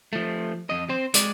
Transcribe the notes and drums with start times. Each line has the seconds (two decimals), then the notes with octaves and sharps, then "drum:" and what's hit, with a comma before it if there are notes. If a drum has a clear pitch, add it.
0.13 F3 A3
0.70 F2 D#5
0.89 C4 C5
1.14 G#3 D5, drum: hi-hat